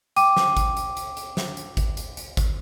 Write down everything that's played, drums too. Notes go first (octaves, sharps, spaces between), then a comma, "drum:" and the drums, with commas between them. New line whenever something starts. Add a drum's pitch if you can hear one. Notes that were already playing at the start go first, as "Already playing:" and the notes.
G5 D6 D#7, drum: hi-hat
drum: snare
drum: kick G#1, hi-hat
drum: hi-hat
drum: hi-hat
drum: hi-hat
drum: snare
drum: hi-hat
drum: kick G#1, hi-hat
drum: hi-hat
drum: hi-hat
drum: kick G#1, hi-hat